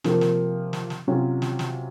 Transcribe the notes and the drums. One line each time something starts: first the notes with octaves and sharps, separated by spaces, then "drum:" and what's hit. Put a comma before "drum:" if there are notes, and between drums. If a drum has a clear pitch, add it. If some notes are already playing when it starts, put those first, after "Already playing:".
C3 F3 A#3, drum: snare
drum: snare
drum: snare
drum: snare
C3 F#3 C#4 F4
drum: snare
drum: snare